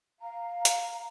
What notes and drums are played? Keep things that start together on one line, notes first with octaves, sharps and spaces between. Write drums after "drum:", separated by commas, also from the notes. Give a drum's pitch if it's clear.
F5 A#5
drum: hi-hat